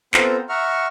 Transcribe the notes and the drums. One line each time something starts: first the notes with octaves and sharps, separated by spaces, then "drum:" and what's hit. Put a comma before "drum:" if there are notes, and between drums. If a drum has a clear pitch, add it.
B3 C4 F4 A4 C5 A#5, drum: clap
E5 F#5 A#5 C#6 F6